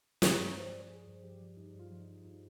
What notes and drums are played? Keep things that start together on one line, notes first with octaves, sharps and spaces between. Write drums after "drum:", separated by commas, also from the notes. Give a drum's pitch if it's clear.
G2 D5, drum: snare
G2
F3 C5
F3
G2 G#4
G2
F3 G4
F3
G2 D#4
G2
F4
F3
D#4
F3
G2 D#4